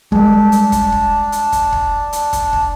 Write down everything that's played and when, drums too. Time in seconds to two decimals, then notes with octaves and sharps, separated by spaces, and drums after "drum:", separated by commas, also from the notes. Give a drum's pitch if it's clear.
0.12 G3 G#3 D4, drum: kick
0.52 drum: hi-hat
0.72 drum: kick, hi-hat
0.92 drum: kick
1.32 drum: hi-hat
1.52 drum: kick, hi-hat
1.72 drum: kick
2.13 drum: hi-hat
2.33 drum: kick, hi-hat
2.53 drum: kick